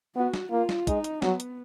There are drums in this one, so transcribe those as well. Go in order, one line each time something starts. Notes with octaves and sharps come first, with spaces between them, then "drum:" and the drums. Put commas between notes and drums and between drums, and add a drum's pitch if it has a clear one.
B3 F#4
drum: snare
A#3 F4
drum: snare
G#3 D#4, drum: kick, hi-hat
drum: hi-hat
F#3 B3, drum: snare
drum: hi-hat